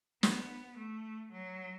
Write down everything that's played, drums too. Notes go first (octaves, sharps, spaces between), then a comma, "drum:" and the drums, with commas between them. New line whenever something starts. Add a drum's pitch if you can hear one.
B3, drum: snare
A3
F#3